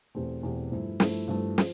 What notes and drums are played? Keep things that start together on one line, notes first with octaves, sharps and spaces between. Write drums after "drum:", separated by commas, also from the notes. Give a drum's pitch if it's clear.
E2 B2 A3 C4 G4
E2 B2 A3 C4 G4
G2 F3 A3 E4
G2 F3 A3 E4, drum: snare
G2 F3 A3 E4
F3, drum: snare